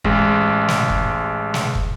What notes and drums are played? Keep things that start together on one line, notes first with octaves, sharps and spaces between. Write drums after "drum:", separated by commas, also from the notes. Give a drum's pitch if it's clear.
A1 G#3, drum: kick
drum: snare
drum: kick
drum: snare
drum: kick